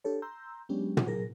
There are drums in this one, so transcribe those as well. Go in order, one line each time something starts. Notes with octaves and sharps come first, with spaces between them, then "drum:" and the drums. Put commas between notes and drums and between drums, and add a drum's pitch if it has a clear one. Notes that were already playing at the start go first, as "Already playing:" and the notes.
D4 G4 A4 C#5
A#5 C6 E6 G6
F#3 G#3 B3 C#4 D4 G4
drum: tom
F#3 G#4 A#4 A#6